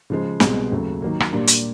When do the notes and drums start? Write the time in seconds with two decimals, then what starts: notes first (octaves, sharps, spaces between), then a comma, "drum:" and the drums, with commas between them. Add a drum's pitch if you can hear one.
0.10 C#3 F3 G#3
0.40 C2 B2 G#3 C4, drum: snare
0.72 D#2 C#3 F#3 A3
1.02 D#3 F#3 A#3
1.20 drum: rim click
1.32 A#2 G3 A#3 D4
1.47 drum: hi-hat